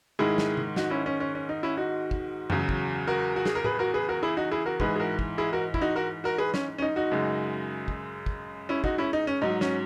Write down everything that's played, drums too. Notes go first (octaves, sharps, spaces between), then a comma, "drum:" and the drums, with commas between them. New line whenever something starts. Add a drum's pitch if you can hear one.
G#2 D#3 G#3 E4 G#4
drum: snare
drum: tom
D#4 F#4, drum: snare
C#4 E4
C#4
C#4
C#4
D#4
C#4 E4
D#4 F#4
drum: kick
E2 C#3 F#3, drum: tom F#2
drum: kick
F#4 A#4
F#4
G#4, drum: snare
A#4
G#4 B4, drum: tom A2
F#4 A#4
G#4 B4
F#4 A#4
E4 G#4
D#4 F#4
E4 G#4
F#4 A#4
G#2 E3 G#3 G#4 B4, drum: kick
G#4
F#4 A#4
drum: kick
E4 G#4
F#4 A#4
E4, drum: kick
D#4 F#4
F#4 A#4
F#4 A#4
G#4 B4
C#4, drum: snare
C#4
D#4
D#4 F#4
F#2 C#3 G#3
drum: kick
drum: kick
C#4 E4
D#4 F#4, drum: kick
C#4 E4
D#4
C#4
G#2 F#3 D#4
C#4, drum: snare